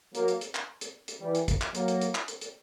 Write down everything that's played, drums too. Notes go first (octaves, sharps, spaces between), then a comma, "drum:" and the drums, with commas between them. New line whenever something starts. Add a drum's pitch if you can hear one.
F#3 A#3, drum: hi-hat
drum: hi-hat
drum: hi-hat
drum: clap
drum: hi-hat
drum: hi-hat
E3 G3
drum: hi-hat
drum: kick, hi-hat
drum: clap
F#3 A#3, drum: hi-hat
drum: hi-hat
drum: hi-hat
drum: clap
drum: hi-hat
drum: hi-hat